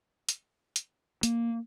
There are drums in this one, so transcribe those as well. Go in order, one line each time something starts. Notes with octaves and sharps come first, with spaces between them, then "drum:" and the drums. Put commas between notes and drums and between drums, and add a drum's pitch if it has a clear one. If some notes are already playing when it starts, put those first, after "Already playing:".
drum: hi-hat
drum: hi-hat
A#3, drum: hi-hat